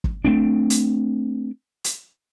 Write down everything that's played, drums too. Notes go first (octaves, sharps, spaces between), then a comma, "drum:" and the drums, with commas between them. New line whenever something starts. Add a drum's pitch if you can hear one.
drum: kick G1
A3 C4 D4
drum: hi-hat
drum: hi-hat